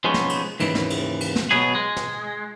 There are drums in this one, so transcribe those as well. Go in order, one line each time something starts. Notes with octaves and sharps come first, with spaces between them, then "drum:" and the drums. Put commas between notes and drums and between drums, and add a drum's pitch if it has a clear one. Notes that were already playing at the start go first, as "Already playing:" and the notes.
F3 G#3 B3 C#4 D#4
drum: snare
drum: cymbal
D#2 G#2 C#3 E3, drum: cymbal
drum: snare
drum: cymbal
drum: cymbal
drum: snare
B2 F#3 B3 G#4
G#3
drum: snare